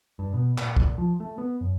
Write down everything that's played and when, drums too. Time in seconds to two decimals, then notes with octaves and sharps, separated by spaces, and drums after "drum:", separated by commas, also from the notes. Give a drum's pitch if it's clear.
0.19 G2
0.34 B2
0.58 A#2, drum: clap
0.77 drum: kick
0.98 F3
1.20 A3
1.38 B3
1.61 F#2